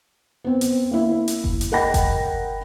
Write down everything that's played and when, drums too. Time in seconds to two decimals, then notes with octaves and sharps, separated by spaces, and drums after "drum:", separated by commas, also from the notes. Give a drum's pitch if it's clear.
0.44 B3 C4
0.61 drum: hi-hat
0.91 A#3 E4
1.28 drum: hi-hat
1.44 drum: kick F#1
1.61 drum: hi-hat
1.72 A#4 D#5 F#5 G5 B5 A#6
1.94 drum: kick F#1, hi-hat